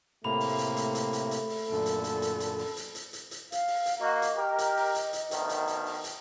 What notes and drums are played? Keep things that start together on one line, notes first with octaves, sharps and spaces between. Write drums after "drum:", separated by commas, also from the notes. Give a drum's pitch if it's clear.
A2 C3 A3 A#3 B5 F7
drum: open hi-hat
drum: hi-hat
drum: hi-hat
drum: hi-hat
drum: hi-hat
drum: hi-hat
drum: open hi-hat
F#2 A#2 D3 A4
drum: hi-hat
drum: hi-hat
drum: hi-hat
drum: hi-hat
drum: open hi-hat
drum: hi-hat
drum: hi-hat
drum: hi-hat
drum: hi-hat
F5, drum: hi-hat
drum: open hi-hat
drum: hi-hat
A#3 F#4 D#5
drum: hi-hat
G4 A#4
drum: hi-hat
drum: open hi-hat
drum: hi-hat
drum: hi-hat
D2 B2 D#3, drum: hi-hat
drum: hi-hat
drum: hi-hat
drum: open hi-hat
drum: hi-hat